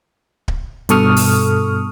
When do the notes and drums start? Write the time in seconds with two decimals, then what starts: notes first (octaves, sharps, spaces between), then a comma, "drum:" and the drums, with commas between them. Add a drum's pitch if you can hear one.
0.48 drum: kick D1
0.89 G2 B2 A4 C#6 D#6 F6, drum: hi-hat
1.16 drum: open hi-hat